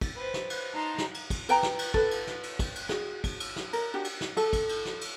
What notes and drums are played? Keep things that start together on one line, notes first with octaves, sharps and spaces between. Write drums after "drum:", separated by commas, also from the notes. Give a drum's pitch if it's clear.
drum: kick, cymbal
B4 C5
drum: snare
drum: cymbal
D#4 A5 A#5 C6
drum: snare
drum: cymbal
drum: kick, cymbal
B4 G5 A#5, drum: cymbal
drum: snare
drum: cymbal
A4 B4, drum: kick
drum: cymbal
drum: snare
drum: cymbal
drum: kick, cymbal
drum: cymbal
F#4 G#4, drum: snare
drum: kick, cymbal
drum: cymbal
drum: snare
A#4, drum: cymbal
D4 F#4 G4
drum: cymbal
drum: snare
A4, drum: cymbal
drum: kick, cymbal
drum: cymbal
drum: snare
drum: cymbal